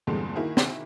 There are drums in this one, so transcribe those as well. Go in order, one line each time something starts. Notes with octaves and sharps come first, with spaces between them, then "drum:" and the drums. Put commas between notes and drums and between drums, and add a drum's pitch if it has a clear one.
E2 G2 A#2 D3 G#3 C4
D#3 A#3 E4 F#4 G#4
drum: snare